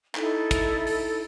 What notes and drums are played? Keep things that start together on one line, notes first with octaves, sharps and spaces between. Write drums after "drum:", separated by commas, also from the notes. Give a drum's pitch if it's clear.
D#4 E4 A4, drum: clap
drum: kick, hi-hat
drum: open hi-hat